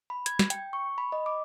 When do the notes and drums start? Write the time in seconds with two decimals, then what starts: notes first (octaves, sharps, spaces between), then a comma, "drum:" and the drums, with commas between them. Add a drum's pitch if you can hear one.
0.10 B5
0.26 G#6, drum: hi-hat
0.39 drum: snare
0.50 G5, drum: hi-hat
0.73 C#6
0.98 B5
1.12 D#5
1.26 D6